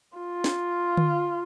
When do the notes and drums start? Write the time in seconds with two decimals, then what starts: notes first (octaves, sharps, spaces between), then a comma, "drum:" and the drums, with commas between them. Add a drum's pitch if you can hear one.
0.18 F4
0.44 drum: snare
0.97 drum: tom D3